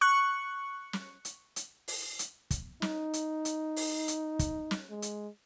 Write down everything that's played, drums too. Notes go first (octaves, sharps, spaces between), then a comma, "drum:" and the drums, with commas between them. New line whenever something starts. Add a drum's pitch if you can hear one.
C#6 F#6
drum: snare
drum: hi-hat
drum: hi-hat
drum: open hi-hat
drum: hi-hat
drum: kick, hi-hat
D#4, drum: snare
drum: hi-hat
drum: hi-hat
drum: open hi-hat
drum: hi-hat
drum: kick, hi-hat
drum: snare
G#3
drum: hi-hat